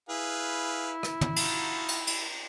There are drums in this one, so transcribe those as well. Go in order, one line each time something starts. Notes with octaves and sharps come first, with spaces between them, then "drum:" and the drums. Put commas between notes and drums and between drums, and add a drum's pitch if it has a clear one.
E4 G#4 B4 F5
drum: rim click
drum: tom
D#4 F4 F#4, drum: cymbal
drum: cymbal
drum: cymbal